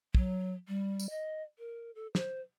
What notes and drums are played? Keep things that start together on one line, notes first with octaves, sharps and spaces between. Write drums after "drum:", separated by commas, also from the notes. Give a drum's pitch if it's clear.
F#3, drum: kick
G3
drum: tambourine
D#5
A#4
A4
C5, drum: snare